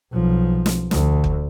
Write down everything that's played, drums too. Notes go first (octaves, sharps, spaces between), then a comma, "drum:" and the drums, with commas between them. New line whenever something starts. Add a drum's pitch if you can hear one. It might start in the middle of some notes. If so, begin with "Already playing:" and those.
B1 F3
drum: snare
D2, drum: snare
drum: kick